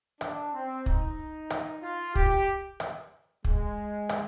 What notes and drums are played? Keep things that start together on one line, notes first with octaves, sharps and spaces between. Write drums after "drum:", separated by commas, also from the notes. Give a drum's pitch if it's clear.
D4, drum: rim click
C4
D#4, drum: kick
drum: rim click
F4
G4, drum: kick
drum: rim click
G#3, drum: kick
drum: rim click